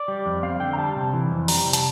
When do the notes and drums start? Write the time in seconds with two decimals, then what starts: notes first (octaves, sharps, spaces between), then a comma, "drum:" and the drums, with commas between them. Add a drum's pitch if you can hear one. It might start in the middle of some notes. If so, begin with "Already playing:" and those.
Already playing: D5
0.08 G3
0.26 F2
0.43 C4 F5
0.60 D3 G5
0.73 A#5
0.78 G3 A5
0.96 C3
1.13 E3
1.31 F2
1.48 G3 A#5, drum: open hi-hat
1.65 C3
1.73 A5, drum: hi-hat